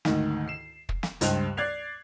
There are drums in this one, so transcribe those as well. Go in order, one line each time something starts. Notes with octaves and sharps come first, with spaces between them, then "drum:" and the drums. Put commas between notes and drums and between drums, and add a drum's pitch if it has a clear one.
D2 G#2 D#3, drum: snare
C7 E7
drum: kick
drum: snare
C#2 G2 C5 G5 F#6 F7, drum: hi-hat
D5 F#6 G#6 C7 F7